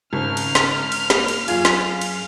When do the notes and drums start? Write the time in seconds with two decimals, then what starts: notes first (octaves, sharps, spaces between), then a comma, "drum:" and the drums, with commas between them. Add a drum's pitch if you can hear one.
0.13 G#1 C#3 C4 F6
0.37 drum: cymbal
0.55 drum: snare
0.92 drum: cymbal
1.10 A#3, drum: snare
1.28 drum: cymbal
1.48 F#2 F4 G#4 G#6, drum: cymbal
1.65 drum: snare
2.01 drum: cymbal